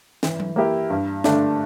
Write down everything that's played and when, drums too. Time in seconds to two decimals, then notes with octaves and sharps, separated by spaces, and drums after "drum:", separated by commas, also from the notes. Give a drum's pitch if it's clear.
0.23 E3, drum: snare
0.40 drum: tom F#3
0.56 A#3 E4 G4
0.90 G2
1.24 D3 A3 D4, drum: snare